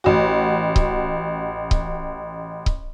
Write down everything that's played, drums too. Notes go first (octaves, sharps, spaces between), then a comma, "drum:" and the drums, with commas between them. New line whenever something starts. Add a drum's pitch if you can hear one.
A1 F#4
drum: kick C#1
drum: kick C#1
drum: kick C#1